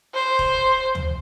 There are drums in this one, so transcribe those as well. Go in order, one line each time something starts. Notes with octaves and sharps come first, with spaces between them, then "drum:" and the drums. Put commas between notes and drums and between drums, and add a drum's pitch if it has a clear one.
C5
drum: kick E1
drum: tom